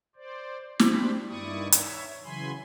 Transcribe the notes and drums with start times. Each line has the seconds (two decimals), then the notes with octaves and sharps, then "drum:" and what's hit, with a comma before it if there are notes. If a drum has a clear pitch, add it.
0.16 C5 D5
0.79 D4 G4 C5 B5, drum: snare
1.27 G2 D#3 E4 D5 C#6 D#6
1.72 C#5 E5, drum: hi-hat
2.24 C#3 E3 F#3 G#5 B5 C6